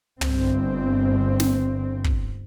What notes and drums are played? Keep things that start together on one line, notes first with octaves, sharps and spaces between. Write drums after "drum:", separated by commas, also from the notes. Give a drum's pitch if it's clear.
G1 C4, drum: tom
drum: snare
drum: kick